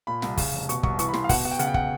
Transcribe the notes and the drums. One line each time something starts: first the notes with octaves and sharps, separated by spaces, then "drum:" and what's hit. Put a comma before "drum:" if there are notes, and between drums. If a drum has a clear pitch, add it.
A#2 B5
C2, drum: snare
C#3, drum: kick, open hi-hat
F1
B2 C#6, drum: hi-hat
C2 C#6, drum: kick
E3 C#6, drum: hi-hat
B5
E3 C6, drum: snare
F5
B2 F#5, drum: kick, open hi-hat
B2 F#5
G5
C#3 F#5, drum: hi-hat
G5
F#5, drum: kick